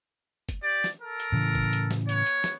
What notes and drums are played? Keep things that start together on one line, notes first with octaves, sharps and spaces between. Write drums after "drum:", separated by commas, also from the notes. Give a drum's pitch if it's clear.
drum: kick, hi-hat
G4 D5
drum: snare
A4 A#4
drum: hi-hat
A2 C#3 E3
drum: kick
drum: hi-hat
drum: snare
B3 C#5, drum: hi-hat
drum: hi-hat
drum: snare